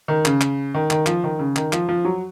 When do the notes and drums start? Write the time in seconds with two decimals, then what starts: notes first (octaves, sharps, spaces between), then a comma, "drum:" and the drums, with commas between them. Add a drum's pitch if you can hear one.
0.08 D#3
0.25 C#3, drum: clap
0.41 drum: clap
0.74 D#3
0.91 D#3, drum: clap
1.06 F3, drum: clap
1.24 D#3
1.39 C#3
1.56 D#3, drum: clap
1.73 F3, drum: clap
1.89 F3
2.05 F#3